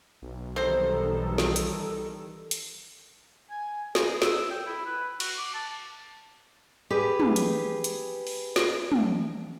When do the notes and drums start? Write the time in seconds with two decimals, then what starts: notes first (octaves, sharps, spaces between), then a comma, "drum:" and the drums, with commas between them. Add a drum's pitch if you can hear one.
0.22 B1
0.56 D#3 E3 G3 C4 A4 C5
1.38 drum: snare
1.56 drum: hi-hat
2.51 drum: hi-hat
3.50 G#5
3.95 G#4, drum: snare
4.22 E6, drum: snare
4.51 G5
4.66 E4
4.86 B4
5.20 F#4, drum: cymbal
5.38 D6
5.54 A5
6.90 G4 G#4 B4
7.20 drum: tom
7.36 drum: hi-hat
7.84 drum: hi-hat
8.27 drum: open hi-hat
8.56 drum: snare
8.92 drum: tom